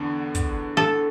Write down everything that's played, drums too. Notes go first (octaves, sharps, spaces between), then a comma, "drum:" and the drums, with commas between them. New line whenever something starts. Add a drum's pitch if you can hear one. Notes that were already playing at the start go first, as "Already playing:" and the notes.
Already playing: E2 D3 B3 D4
drum: kick, hi-hat
A4